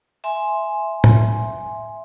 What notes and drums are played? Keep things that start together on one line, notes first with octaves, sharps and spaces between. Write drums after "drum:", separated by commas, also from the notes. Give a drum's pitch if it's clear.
E5 G#5 C6
drum: tom A2